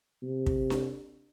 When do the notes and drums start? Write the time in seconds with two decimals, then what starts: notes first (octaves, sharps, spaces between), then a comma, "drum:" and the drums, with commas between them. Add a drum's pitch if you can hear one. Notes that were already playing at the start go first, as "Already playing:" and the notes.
0.23 C3
0.46 drum: kick
0.70 drum: snare D4